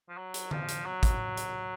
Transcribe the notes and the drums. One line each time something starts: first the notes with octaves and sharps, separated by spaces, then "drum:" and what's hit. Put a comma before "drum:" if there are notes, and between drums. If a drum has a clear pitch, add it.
F3
F#3
drum: hi-hat
F3, drum: tom D3
drum: hi-hat
F#3
drum: kick, hi-hat
drum: hi-hat